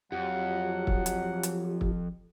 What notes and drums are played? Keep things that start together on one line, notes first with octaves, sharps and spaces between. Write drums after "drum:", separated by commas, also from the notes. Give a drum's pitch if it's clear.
F2 F#3 F4 G4 F#5
drum: kick
drum: hi-hat
drum: hi-hat
drum: kick